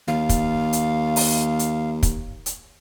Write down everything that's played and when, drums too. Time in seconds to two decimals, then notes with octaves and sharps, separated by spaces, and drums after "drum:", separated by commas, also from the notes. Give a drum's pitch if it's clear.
0.08 D#2 F5
0.29 drum: kick, hi-hat
0.73 drum: hi-hat
1.16 drum: open hi-hat
1.59 drum: hi-hat
2.03 drum: kick, hi-hat
2.46 drum: hi-hat